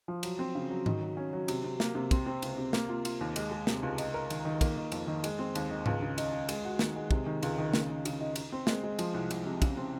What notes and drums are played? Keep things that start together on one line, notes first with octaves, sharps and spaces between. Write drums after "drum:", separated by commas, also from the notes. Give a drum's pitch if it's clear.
F3
F#3, drum: cymbal
C4
C#3
F#3
D#3, drum: tom G#2
F#3
C#4
F#3
C3, drum: cymbal
C3
A#3, drum: snare
C3
C4, drum: kick, cymbal
C4
C#2, drum: cymbal
C3
A#3, drum: snare
F4
F4, drum: cymbal
D#2
G#3, drum: cymbal
G#3
C3, drum: snare
C#2
D#4, drum: cymbal
A#4
D#3, drum: cymbal
D#3
A#3, drum: kick, cymbal
D#3
F2, drum: cymbal
D#3
G#3, drum: cymbal
C4
D#2, drum: cymbal
D#3
C#2, drum: tom G#2
C#3
D#4, drum: cymbal
D#4
G#3, drum: cymbal
F#4
D#3, drum: snare
G#3
C3, drum: kick
D#3
C#2, drum: cymbal
D#3
C#3, drum: snare
D#4
C#3, drum: cymbal
D#4
D#4, drum: cymbal
C4
G#3, drum: snare
G#3
F3, drum: cymbal
C2
C2, drum: cymbal
C3
C#3, drum: kick, cymbal
C4